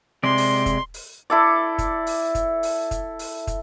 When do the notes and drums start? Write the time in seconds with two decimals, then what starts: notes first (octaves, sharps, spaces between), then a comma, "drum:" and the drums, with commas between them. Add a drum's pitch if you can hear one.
0.24 C3 G#3 D5 C6
0.38 drum: open hi-hat
0.66 drum: kick, hi-hat
0.94 drum: open hi-hat
1.30 E4 A4 D5
1.78 drum: kick, hi-hat
2.07 drum: open hi-hat
2.35 drum: kick, hi-hat
2.63 drum: open hi-hat
2.91 drum: kick, hi-hat
3.19 drum: open hi-hat
3.47 drum: kick, hi-hat